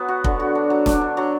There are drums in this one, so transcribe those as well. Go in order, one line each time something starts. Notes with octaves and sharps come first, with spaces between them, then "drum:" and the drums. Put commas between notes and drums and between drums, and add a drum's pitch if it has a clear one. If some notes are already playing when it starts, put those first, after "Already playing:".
Already playing: F#3 B3
F#4
D3, drum: kick
F#4
D4
F#3
D4, drum: snare
D4
F#3